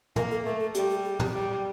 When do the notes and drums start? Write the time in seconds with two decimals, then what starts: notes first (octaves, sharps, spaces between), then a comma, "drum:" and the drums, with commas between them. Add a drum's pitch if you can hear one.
0.16 A#3 A#4, drum: tom
0.31 A4
0.45 A3 A#4
0.59 A4
0.74 G3 G4, drum: hi-hat
0.90 G4
1.05 G#4
1.19 G4, drum: tom
1.34 G3